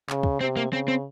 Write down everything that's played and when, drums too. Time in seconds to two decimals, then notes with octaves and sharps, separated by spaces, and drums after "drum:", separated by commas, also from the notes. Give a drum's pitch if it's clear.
0.10 C#3, drum: clap
0.23 drum: kick
0.41 C3 C4
0.56 A#3
0.73 C#3 C4
0.88 C4